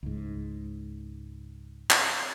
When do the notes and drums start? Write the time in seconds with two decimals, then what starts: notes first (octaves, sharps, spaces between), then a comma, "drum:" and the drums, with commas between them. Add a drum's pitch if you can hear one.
0.03 C#2 G#2
1.90 drum: clap